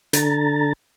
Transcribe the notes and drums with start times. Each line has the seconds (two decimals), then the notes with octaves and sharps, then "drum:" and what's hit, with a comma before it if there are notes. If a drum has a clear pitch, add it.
0.13 D3 D4 A4 A#5 A6, drum: hi-hat